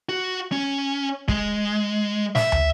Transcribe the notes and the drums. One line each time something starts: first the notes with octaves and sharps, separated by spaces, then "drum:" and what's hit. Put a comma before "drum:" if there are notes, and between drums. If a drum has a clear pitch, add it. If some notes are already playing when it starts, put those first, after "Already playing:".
F#4
C#4
G#3, drum: kick
E5, drum: snare
drum: tom